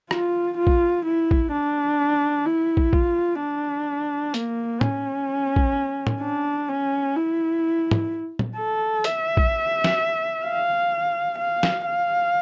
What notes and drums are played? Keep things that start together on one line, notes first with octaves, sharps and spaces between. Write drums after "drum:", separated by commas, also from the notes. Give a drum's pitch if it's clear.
F4, drum: rim click
F4
drum: kick
E4
drum: kick
D4
E4
drum: kick
F4, drum: kick
D4
A#3, drum: hi-hat
C#4, drum: tom
drum: kick
drum: tom
D4
C#4
E4
drum: tom
drum: tom
A4
E5, drum: hi-hat
drum: kick
drum: snare
F5
F5
drum: snare
F5